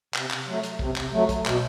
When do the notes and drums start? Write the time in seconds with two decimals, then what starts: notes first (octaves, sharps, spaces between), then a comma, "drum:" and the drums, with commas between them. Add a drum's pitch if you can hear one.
0.14 C3, drum: clap
0.31 drum: clap
0.47 F#3 A3
0.63 drum: hi-hat
0.79 C3, drum: kick
0.96 drum: clap
1.13 F#3 A3
1.29 drum: kick, hi-hat
1.45 B2, drum: clap